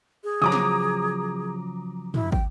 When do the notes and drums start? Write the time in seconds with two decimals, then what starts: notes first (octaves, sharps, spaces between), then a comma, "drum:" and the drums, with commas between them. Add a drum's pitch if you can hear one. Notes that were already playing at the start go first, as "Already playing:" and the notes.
0.24 G#4
0.42 C#3 F3 F#3 A#5 D6 D#6
0.52 drum: snare
2.14 E4, drum: tom
2.32 G5, drum: kick